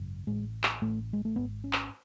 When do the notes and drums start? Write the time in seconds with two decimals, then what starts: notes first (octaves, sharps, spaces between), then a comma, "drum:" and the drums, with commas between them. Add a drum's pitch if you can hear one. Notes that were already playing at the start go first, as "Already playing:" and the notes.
Already playing: G#1 F#2 C#3
0.27 A1 A2 G#3
0.63 drum: clap
0.82 A1 A2 A3
1.13 G#3
1.25 A3
1.36 G#1 G#2 B3
1.64 C#4
1.73 drum: clap